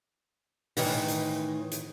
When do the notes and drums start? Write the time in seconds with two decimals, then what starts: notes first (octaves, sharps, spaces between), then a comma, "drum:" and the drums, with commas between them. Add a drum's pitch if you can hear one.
0.77 A2 D#3 E3, drum: open hi-hat
1.08 drum: hi-hat
1.71 drum: hi-hat